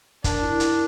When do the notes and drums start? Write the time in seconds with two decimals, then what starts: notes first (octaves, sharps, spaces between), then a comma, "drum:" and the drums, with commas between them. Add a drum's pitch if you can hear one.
0.24 D4 A#4, drum: kick, hi-hat
0.42 E4
0.60 E4, drum: hi-hat